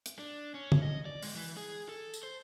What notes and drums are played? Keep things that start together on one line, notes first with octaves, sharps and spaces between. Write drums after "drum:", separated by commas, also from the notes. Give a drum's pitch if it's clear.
drum: hi-hat
D4
C#4
drum: tom
D#5
D5
G#3, drum: open hi-hat
E3
G#4
A4
drum: tambourine
C5